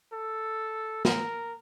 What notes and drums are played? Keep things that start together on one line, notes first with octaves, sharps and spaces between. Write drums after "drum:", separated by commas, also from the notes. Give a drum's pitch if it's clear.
A4
A#4, drum: snare